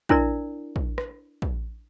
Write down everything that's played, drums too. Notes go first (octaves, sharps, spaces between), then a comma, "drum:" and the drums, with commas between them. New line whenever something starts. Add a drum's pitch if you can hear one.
D4 E4 A#4 D5, drum: kick
drum: kick
drum: rim click
drum: kick